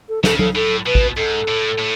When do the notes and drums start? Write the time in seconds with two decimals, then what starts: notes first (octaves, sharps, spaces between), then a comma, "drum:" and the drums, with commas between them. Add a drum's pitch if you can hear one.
0.09 A4
0.24 C#3 A4, drum: snare
0.39 A4, drum: tom F#3
0.55 A2 A4
0.86 B2 B4
0.95 drum: kick
1.17 G#2 A4
1.48 A2
1.79 A2